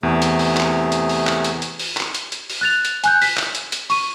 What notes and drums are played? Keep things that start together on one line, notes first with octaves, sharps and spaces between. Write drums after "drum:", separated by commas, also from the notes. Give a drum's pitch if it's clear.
E2 C3 A3 G#4
drum: hi-hat
drum: open hi-hat
drum: clap
drum: hi-hat
drum: open hi-hat
drum: clap
drum: hi-hat
drum: hi-hat
drum: open hi-hat
drum: clap
drum: hi-hat
drum: hi-hat
drum: open hi-hat
F#6 A6 F7
drum: hi-hat
G#5 F#6 G6, drum: hi-hat
B6, drum: open hi-hat
drum: clap
drum: hi-hat
drum: hi-hat
C#6 D#7, drum: open hi-hat